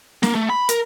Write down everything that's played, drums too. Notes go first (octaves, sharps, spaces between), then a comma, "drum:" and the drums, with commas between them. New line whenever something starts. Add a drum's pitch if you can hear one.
A#3, drum: snare
A3
B5
A#4, drum: hi-hat